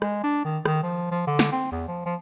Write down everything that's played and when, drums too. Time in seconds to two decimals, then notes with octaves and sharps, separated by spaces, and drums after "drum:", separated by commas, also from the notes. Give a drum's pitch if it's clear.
0.02 G#3, drum: rim click
0.23 D4
0.44 D#3
0.66 D#3, drum: rim click
0.83 F3
1.11 F3
1.27 D3
1.39 drum: snare
1.52 C4
1.72 E2
1.88 F3
2.06 F3